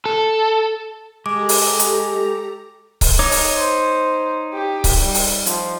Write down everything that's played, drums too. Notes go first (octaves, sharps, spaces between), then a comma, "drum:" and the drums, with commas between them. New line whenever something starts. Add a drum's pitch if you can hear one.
A4
G#3 G4 A4 A#5 D6
drum: open hi-hat
drum: hi-hat
drum: kick C#1, open hi-hat
D#4 C#5 D6
drum: open hi-hat
C5
G4
drum: kick C#1, open hi-hat
G3
drum: open hi-hat
F3, drum: hi-hat